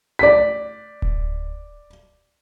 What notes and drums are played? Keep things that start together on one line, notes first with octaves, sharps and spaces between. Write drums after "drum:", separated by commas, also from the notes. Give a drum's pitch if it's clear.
D5 B6
drum: kick D1